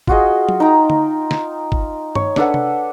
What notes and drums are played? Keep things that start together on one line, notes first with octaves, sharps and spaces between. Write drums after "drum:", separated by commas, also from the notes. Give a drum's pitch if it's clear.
F4 F#4 G#4 D#5, drum: kick
drum: tom F#3
D#4 G5 A#5
drum: tom D3
drum: snare
drum: kick
C#5, drum: tom G2
D4 A4 B4 F#5, drum: snare
drum: tom C3